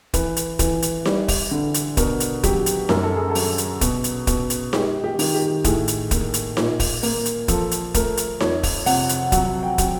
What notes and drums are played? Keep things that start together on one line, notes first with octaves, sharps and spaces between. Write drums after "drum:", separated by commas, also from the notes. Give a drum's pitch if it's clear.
E3 B4, drum: kick, hi-hat
drum: hi-hat
E3, drum: kick, hi-hat
drum: hi-hat
G3, drum: snare D#4
drum: kick, open hi-hat
D3
drum: hi-hat
B2 A#4, drum: kick, hi-hat
drum: hi-hat
F#3 G4, drum: kick, hi-hat
drum: hi-hat
F#2 A#4, drum: snare D#4
A4
G#4
A4
F#3, drum: open hi-hat
drum: hi-hat
B2, drum: kick, hi-hat
drum: hi-hat
B2, drum: kick, hi-hat
drum: hi-hat
G#3 G4, drum: snare D#4
G4
D#3, drum: open hi-hat
G4
A2 G#4, drum: kick, hi-hat
drum: hi-hat
A#3, drum: kick, hi-hat
drum: hi-hat
A#2, drum: snare D#4
drum: kick, open hi-hat
A#3, drum: open hi-hat
drum: hi-hat
F3 A4, drum: kick, hi-hat
drum: hi-hat
A3 A#4, drum: kick, hi-hat
drum: hi-hat
F2 C#5, drum: snare D#4
drum: kick, open hi-hat
C3 F#5, drum: open hi-hat
drum: hi-hat
F#3 F#5, drum: kick, hi-hat
G5
F#3, drum: kick, hi-hat